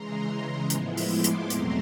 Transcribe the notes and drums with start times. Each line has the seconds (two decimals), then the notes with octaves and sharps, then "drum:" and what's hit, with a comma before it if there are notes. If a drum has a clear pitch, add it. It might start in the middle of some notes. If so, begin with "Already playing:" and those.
Already playing: C#3 E3 G#3 A#5 C6
0.70 A2 F3 G#3 B3 E4, drum: hi-hat
0.97 drum: open hi-hat
1.10 C6 D6
1.24 drum: hi-hat
1.50 E2 B2 F#3 A3 C4 A#5 C6, drum: hi-hat